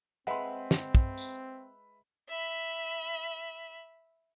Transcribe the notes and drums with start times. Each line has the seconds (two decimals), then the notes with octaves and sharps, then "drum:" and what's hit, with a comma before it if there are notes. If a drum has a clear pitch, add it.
0.27 G#3 C4 B4 E5 F#5 B5 C6
0.71 drum: snare
0.95 drum: kick
1.18 drum: tambourine
2.29 E5 B5